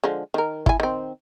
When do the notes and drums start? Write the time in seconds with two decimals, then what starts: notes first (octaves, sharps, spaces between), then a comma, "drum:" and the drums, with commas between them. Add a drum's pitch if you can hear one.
0.04 D3 F3 G#3
0.34 D#3 A#4
0.66 E4 G#5, drum: kick
0.80 D#3 C4